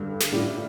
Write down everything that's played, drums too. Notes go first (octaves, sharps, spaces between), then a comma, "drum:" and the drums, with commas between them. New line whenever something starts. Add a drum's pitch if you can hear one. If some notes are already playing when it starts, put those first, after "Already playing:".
Already playing: G2 D3 G3
drum: snare
A2 G3 D4 F4